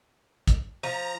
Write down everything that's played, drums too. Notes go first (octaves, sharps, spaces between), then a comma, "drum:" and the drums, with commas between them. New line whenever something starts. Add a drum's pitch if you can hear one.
drum: kick, hi-hat
F3 A#5